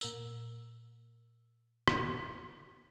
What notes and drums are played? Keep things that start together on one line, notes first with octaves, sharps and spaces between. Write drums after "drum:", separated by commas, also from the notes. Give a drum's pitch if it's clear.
A#2 A#4 E6, drum: tambourine
drum: rim click